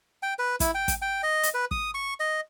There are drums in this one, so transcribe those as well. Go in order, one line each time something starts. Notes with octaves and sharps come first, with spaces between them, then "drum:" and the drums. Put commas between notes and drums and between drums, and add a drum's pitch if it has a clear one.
G5
B4
E4, drum: kick, hi-hat
G5
drum: kick, hi-hat
G5
D#5
drum: hi-hat
B4
D#6, drum: kick
C#6
D#5